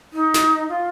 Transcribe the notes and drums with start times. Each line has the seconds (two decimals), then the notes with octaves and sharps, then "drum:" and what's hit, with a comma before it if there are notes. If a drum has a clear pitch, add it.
0.13 D#4
0.34 drum: snare
0.69 F4